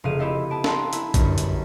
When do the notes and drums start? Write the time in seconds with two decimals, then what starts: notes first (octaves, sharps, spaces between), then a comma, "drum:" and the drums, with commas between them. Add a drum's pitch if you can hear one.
0.04 F1 C#3 A#4 F5 D#7
0.19 C4 E4 G4 A4 D#5 F5
0.50 B3 A5 D7
0.64 F5 G5 A5 A#5 C6 F#6, drum: snare
0.93 E4, drum: hi-hat
1.14 G1 F#2, drum: kick, hi-hat
1.38 drum: hi-hat